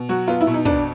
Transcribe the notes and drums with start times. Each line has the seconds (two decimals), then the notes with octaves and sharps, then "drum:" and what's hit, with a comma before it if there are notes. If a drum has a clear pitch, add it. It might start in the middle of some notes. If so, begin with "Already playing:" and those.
Already playing: B2
0.09 F#3 F#4
0.28 B3 F4
0.41 E4
0.47 B2
0.54 D#4
0.65 F2 D4, drum: kick